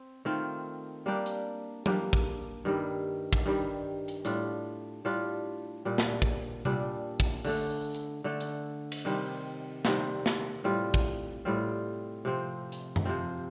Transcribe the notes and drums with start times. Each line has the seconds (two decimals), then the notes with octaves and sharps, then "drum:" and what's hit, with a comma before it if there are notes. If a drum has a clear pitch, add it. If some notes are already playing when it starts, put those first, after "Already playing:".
Already playing: C4
0.25 D#3 A3 C4 F4
1.06 G3 A#3 D4 G4
1.26 drum: hi-hat
1.86 G3 A#3 D4 G4, drum: tom F#3
2.13 drum: kick
2.65 G2 D#3 G3
3.33 drum: kick
3.46 G2 D#3 G3
4.08 drum: hi-hat
4.25 A2 G3 D4 F4, drum: hi-hat
5.05 A2 G3 D4 F4
5.85 A#2 G3 D4
5.98 drum: snare
6.22 drum: kick
6.65 A#2 G3 D4, drum: tom C3
7.20 drum: kick
7.45 D3 A3 D4 A4, drum: open hi-hat
7.94 drum: hi-hat
8.24 D3 A3 D4 A4
8.40 drum: hi-hat
8.92 drum: cymbal
9.05 C3 D#3 G3 C4
9.85 C3 D#3 G3 C4, drum: snare
10.26 drum: snare
10.64 A2 G3 C4 F4
10.94 drum: kick
11.45 A2 G3 C4 F4
12.25 C3 F3 C4
12.72 drum: hi-hat
12.96 drum: tom F#2
13.05 C3 F3 C4